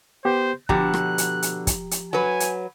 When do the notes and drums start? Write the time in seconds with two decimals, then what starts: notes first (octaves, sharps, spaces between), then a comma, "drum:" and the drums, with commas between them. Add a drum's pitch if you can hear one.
0.25 B3 G4 C5
0.69 B2 D3 F3 G4 A#5 F#6, drum: kick
0.94 drum: rim click
1.18 drum: hi-hat
1.42 drum: hi-hat
1.67 drum: kick, hi-hat
1.91 drum: hi-hat
2.13 F#3 B4 G#5
2.40 drum: hi-hat